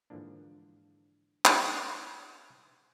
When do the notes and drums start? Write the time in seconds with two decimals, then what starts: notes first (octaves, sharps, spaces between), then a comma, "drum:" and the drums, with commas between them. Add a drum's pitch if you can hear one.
0.10 G#2 D3 E3 F3 A#3 D4
1.45 drum: clap